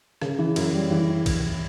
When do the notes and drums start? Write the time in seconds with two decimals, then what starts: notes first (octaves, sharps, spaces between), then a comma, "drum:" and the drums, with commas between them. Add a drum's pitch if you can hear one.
0.22 C#3, drum: rim click
0.39 E3
0.56 F#2, drum: cymbal
0.74 G3
0.91 E3
1.26 drum: kick, cymbal